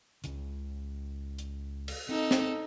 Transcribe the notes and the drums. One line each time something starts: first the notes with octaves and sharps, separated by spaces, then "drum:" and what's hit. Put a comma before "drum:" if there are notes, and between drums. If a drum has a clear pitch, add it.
C#2 C#3, drum: hi-hat
drum: hi-hat
drum: cymbal
C4 D#4 A4
drum: snare